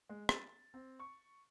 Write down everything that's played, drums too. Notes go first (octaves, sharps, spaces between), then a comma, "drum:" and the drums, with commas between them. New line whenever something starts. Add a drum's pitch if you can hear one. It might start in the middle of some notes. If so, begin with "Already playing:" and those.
G#3
A6, drum: rim click
C4
C#6